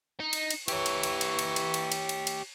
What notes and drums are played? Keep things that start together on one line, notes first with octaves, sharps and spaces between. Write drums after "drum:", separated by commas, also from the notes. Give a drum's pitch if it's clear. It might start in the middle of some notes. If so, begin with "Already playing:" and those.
D#4
drum: cymbal
drum: cymbal
E3 G4 C#5 C#6, drum: cymbal
drum: cymbal
drum: cymbal
drum: cymbal
drum: cymbal
drum: cymbal
drum: cymbal
drum: cymbal
drum: cymbal
drum: cymbal